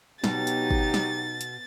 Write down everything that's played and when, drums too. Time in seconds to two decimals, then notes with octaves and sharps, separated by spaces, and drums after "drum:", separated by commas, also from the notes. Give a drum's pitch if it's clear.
0.24 B2 F#3 D#4 G4 A6, drum: snare
0.47 drum: hi-hat
0.70 drum: kick
0.94 drum: snare
1.41 drum: hi-hat